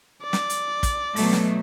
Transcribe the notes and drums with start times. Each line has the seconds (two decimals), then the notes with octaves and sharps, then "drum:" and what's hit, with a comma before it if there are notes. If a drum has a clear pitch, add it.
0.23 D5
0.33 drum: snare
0.50 drum: hi-hat
0.83 drum: kick, hi-hat
1.16 B2 F#3 A3, drum: open hi-hat
1.33 drum: snare